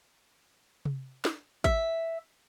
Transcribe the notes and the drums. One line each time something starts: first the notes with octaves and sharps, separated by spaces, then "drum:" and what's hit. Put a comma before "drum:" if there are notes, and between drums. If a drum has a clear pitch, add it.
drum: tom C3
drum: snare
E5, drum: kick